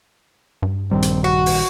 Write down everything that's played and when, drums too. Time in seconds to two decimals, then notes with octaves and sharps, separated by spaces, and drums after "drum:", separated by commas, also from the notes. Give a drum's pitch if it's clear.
0.62 G2
0.91 A#1 D#3 G3 C4
1.02 drum: hi-hat
1.24 F#4 F#5
1.46 drum: open hi-hat